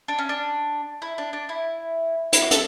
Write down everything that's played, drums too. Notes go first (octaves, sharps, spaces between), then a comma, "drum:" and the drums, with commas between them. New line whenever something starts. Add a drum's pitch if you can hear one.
D4
C#4
D4
E4
D4
D4
E4
E4, drum: hi-hat
F#4
A4, drum: hi-hat